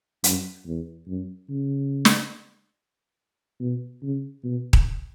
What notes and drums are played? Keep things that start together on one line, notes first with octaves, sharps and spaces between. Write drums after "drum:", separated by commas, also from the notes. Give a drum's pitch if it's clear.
F#2, drum: hi-hat
E2
F#2
C#3
drum: snare
B2
C#3
B2
drum: kick D#1